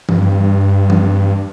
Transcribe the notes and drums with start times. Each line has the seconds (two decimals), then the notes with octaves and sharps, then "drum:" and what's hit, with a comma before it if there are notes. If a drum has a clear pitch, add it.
0.09 G2, drum: tom E3
0.90 drum: tom E3